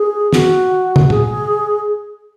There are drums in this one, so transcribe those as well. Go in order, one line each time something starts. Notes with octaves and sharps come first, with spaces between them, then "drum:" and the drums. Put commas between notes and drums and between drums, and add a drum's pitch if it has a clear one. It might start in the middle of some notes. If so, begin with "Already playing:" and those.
Already playing: G#4
F#4, drum: snare
drum: tom
G#4, drum: tom